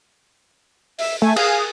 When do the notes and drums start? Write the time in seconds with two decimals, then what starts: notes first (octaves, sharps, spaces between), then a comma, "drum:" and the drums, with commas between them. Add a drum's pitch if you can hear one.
0.99 E5, drum: open hi-hat
1.22 A3 G#5
1.36 G#4 F5, drum: cymbal